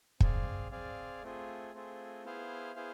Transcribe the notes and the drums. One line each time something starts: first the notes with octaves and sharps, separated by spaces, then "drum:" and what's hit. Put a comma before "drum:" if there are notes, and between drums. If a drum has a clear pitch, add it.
C4 G#4 D5 F5, drum: kick
C4 G#4 D5 F5
A3 C4 F4 G#4
A3 C4 F4 G#4
B3 E4 G#4 C5 F5
B3 E4 G#4 C5 F5